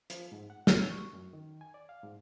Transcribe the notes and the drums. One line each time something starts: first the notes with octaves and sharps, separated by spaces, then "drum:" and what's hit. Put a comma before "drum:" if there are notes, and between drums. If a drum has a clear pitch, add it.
F3, drum: hi-hat
G#2
F#5
E6, drum: snare
C#6
F#2
D#3
G#5
D5
F5
G#2